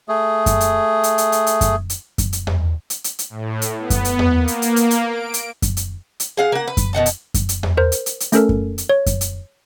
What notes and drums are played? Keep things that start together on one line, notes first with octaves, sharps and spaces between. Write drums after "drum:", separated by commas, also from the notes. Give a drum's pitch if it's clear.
A3 G#4
drum: kick F#2, hi-hat
drum: hi-hat
drum: hi-hat
drum: hi-hat
drum: hi-hat
drum: hi-hat
drum: kick F#2, hi-hat
drum: hi-hat
drum: kick F#2, hi-hat
drum: hi-hat
drum: tom E2
drum: hi-hat
drum: hi-hat
drum: hi-hat
A2
drum: hi-hat
B3
drum: kick F#2, hi-hat
drum: hi-hat
drum: tom E2
A#3
drum: hi-hat
drum: hi-hat
drum: hi-hat
drum: hi-hat
D7
drum: hi-hat
drum: kick F#2, hi-hat
drum: hi-hat
drum: hi-hat
G#4 F5 F#5
A#3 F#5
B4
drum: kick F#2, hi-hat
B2 D#3 F#5 A5
drum: hi-hat
drum: kick F#2, hi-hat
drum: hi-hat
drum: tom E2
A#4 C5
drum: hi-hat
drum: hi-hat
drum: hi-hat
A3 C#4 A4 A#4, drum: hi-hat
drum: kick F#2
drum: hi-hat
C#5
drum: kick F#2, hi-hat
drum: hi-hat